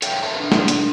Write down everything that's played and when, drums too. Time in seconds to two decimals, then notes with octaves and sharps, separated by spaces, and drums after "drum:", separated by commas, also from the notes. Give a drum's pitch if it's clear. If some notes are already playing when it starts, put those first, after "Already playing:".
0.02 A4 C#5 E5 F5 G5, drum: hi-hat
0.23 A#4 B4 E5 F5 A5
0.40 D4 A#4
0.52 drum: snare
0.68 drum: hi-hat